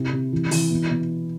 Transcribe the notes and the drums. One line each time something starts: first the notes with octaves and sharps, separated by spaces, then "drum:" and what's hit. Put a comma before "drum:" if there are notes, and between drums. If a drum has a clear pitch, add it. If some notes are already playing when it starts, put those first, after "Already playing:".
Already playing: C3 E4
C3
E3
E3, drum: open hi-hat
B2
B2